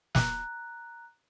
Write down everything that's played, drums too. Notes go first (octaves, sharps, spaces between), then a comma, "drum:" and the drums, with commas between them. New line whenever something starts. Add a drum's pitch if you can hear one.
A#5 F#6, drum: snare